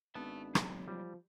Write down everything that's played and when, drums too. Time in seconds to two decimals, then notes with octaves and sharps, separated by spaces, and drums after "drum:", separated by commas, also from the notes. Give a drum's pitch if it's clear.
0.15 G#1 B3 D4 E5 A5
0.55 F#3 A#3, drum: rim click
0.88 F3 G3